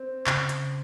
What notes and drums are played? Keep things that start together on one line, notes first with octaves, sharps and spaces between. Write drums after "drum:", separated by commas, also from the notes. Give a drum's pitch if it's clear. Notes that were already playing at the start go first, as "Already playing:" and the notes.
Already playing: C4
C#3, drum: clap
drum: hi-hat